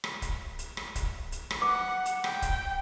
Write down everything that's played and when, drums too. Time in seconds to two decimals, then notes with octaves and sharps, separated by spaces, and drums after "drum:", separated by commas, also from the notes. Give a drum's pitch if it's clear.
0.04 drum: rim click
0.22 drum: kick, hi-hat
0.59 drum: hi-hat
0.77 drum: rim click
0.95 drum: kick, hi-hat
1.32 drum: hi-hat
1.51 drum: rim click
1.62 F#5 D6
2.06 drum: hi-hat
2.24 G5, drum: rim click
2.42 drum: kick, hi-hat